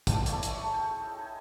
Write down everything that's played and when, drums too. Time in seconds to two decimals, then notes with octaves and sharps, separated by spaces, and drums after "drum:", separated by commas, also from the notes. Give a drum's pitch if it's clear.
0.07 F3 A5, drum: kick, hi-hat
0.26 E4 A4 C#5 D5, drum: hi-hat
0.43 drum: hi-hat
0.54 G#3 D#4 A5 C#6
0.73 E4 G#4 A4 G5
1.00 E4 A4 D#5
1.18 D#4 G#5